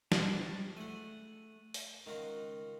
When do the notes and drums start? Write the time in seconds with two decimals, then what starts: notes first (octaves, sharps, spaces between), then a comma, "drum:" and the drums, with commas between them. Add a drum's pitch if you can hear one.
0.12 F3 G3 G#3 F#4, drum: snare
0.77 A3 F#5 G#5
1.74 drum: open hi-hat
2.06 C#2 D#3 F4 F#4